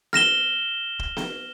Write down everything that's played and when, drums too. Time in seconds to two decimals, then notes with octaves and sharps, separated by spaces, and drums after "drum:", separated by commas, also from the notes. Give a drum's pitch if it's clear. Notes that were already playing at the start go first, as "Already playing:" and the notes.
0.13 F6 A#6 E7 G7, drum: snare B3
0.99 drum: kick
1.17 drum: snare B3